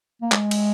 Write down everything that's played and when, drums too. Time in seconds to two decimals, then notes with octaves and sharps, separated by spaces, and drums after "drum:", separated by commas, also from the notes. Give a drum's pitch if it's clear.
0.22 A#3
0.32 G#3, drum: clap
0.51 drum: cymbal